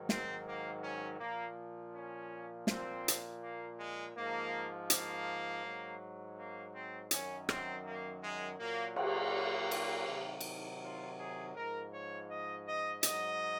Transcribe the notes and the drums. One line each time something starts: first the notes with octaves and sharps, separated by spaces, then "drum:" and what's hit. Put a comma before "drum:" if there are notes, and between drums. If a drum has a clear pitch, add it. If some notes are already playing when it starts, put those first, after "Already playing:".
Already playing: G#2 D#3 F#3
C4, drum: snare
A#3
C#4
A#2 F3 A#3
C#4
A#2 F3 C4, drum: snare
drum: hi-hat
A#3
G#3
G#2 F3 A#3
A#3, drum: hi-hat
G#2 F#3
A#3
C4
F#2 D#3 F#3 C#4, drum: hi-hat
C4, drum: rim click
A#3
G#3
A#2 F#3 A#3
A#3, drum: cymbal
drum: cymbal
C3 D#3 F#3
drum: cymbal
F4
G#4
G#2 F3 A#4
C#5
D#5
D#5
G#2 F#3 D#5, drum: hi-hat